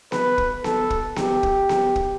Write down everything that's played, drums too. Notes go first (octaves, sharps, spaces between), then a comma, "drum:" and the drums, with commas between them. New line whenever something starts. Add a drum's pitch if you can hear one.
B4, drum: snare B3
drum: kick
A4, drum: snare B3
drum: kick
G4, drum: snare B3
drum: kick
drum: snare B3
drum: kick